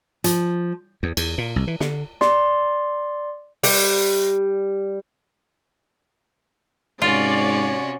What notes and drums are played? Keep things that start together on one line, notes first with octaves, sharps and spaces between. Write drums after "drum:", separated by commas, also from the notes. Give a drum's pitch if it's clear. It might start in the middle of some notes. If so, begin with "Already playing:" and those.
F3, drum: hi-hat
E2
E2, drum: cymbal
A#2
C2
E3
D3, drum: snare
D5 C6, drum: snare
G3, drum: open hi-hat
G#2 C3 C#4 F4 F#4 C#5 D5